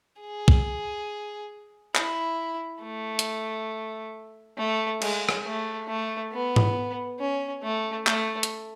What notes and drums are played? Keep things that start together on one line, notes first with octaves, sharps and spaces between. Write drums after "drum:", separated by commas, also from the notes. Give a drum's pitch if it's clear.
G#4
drum: kick
E4, drum: clap
A3
drum: hi-hat
A3
G#3, drum: cymbal
drum: rim click
A3
A3
B3
drum: tom G#2
C#4
A3
A3, drum: clap
drum: hi-hat